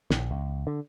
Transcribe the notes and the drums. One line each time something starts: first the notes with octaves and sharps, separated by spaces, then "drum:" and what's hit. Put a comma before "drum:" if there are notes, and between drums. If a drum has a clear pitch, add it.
A#1, drum: snare
C#2
D3